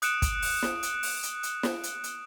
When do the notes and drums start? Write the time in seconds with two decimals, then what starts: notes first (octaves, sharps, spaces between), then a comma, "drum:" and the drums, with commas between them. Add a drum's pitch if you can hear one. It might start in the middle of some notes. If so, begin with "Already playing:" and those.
0.02 D#6 F#6 C#7 D7 E7, drum: hi-hat
0.22 drum: kick, hi-hat
0.42 drum: open hi-hat
0.62 drum: snare
0.83 drum: hi-hat
1.03 drum: open hi-hat
1.23 drum: hi-hat
1.43 drum: hi-hat
1.63 drum: snare
1.83 drum: hi-hat
2.04 drum: hi-hat